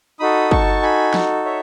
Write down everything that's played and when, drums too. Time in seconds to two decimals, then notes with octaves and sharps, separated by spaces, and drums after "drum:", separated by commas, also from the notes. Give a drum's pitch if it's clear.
0.19 D#4 F#4 A4 B5 D#6
0.51 A5 C#6, drum: kick
0.82 G#5 B5
1.14 drum: snare
1.45 C#5 E5